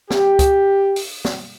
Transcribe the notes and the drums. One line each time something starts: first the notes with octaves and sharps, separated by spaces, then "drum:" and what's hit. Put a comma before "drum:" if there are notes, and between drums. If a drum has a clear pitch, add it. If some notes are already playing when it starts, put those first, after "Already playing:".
G4, drum: snare
drum: kick, hi-hat
drum: open hi-hat
drum: snare